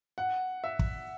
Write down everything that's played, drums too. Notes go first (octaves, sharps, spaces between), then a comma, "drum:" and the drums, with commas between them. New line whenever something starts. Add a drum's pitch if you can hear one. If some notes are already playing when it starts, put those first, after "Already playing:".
F#5
E5
drum: kick